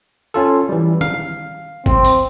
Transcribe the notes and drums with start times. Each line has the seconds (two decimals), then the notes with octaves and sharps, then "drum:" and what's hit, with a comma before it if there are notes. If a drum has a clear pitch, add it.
0.34 C#4 F4 A4
0.69 E3 G3
1.01 F5, drum: tom D#3
1.86 C4, drum: kick G#1
2.05 drum: open hi-hat